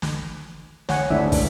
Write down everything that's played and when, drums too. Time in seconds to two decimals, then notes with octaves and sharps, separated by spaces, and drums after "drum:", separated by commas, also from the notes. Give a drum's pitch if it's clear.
0.02 drum: snare
0.89 C#5 F#5 G#5, drum: snare
1.10 G#1 D2 G#2 D4 E4 E5
1.32 drum: kick, open hi-hat